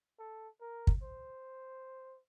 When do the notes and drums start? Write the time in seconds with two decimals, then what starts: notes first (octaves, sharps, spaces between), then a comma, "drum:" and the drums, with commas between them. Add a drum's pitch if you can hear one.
0.19 A4
0.61 A#4
0.87 drum: kick
1.02 C5